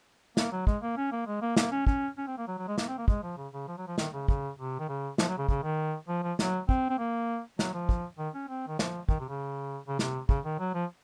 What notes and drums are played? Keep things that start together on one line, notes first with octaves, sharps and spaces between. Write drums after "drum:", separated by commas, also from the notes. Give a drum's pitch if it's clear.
A#3, drum: snare
F#3
G#3, drum: kick
A#3
C#4
A#3
G#3
A#3
A#3, drum: snare
C#4
C#4, drum: kick
C#4
C4
A#3
F#3
F#3
G#3
A#3, drum: snare
C4
A#3
G#3, drum: kick
F3
C#3
C#3
F3
F#3
F3
D#3, drum: snare
C#3
C#3, drum: kick
C3
D#3
C#3
F3, drum: snare
F#3
C#3
C#3, drum: kick
D#3
F3
F3
F#3, drum: snare
C4, drum: kick
C4
A#3
F#3, drum: snare
F3
drum: kick
D#3
C#4
C4
D#3
F3, drum: snare
D#3, drum: kick
C3
C#3
C#3
C3, drum: snare
C#3, drum: kick
D#3
F#3
F3